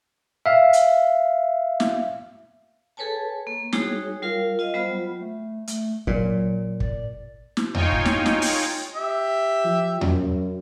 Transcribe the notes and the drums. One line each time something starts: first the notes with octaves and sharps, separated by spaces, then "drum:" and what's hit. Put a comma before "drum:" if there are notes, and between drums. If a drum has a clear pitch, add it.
E5 F5
drum: hi-hat
drum: snare
G#4 A4 B4 C#5 G#5 A5
A#3
G3 G#3 D#4 F#4 G#4 C#5, drum: snare
G3 F4 A#4 F5
F4 D#5 F5
F#3 G3 B3 F4 C5 B5
A3
A3, drum: hi-hat
A#2 F#3, drum: kick
D5, drum: kick
drum: snare
D#4 F4 C#5 G5 G#5, drum: tom E2
drum: kick
drum: snare
drum: snare
drum: open hi-hat
G4 E5
F3
F#2, drum: tom E2